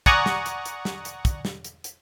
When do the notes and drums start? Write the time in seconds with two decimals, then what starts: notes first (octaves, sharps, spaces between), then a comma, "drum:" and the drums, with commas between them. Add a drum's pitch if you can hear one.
0.06 D5 F#5 G#5 A#5 C#6 D#6, drum: kick, hi-hat
0.26 drum: snare
0.46 drum: hi-hat
0.65 drum: hi-hat
0.85 drum: snare
1.05 drum: hi-hat
1.25 drum: kick, hi-hat
1.45 drum: snare
1.64 drum: hi-hat
1.84 drum: hi-hat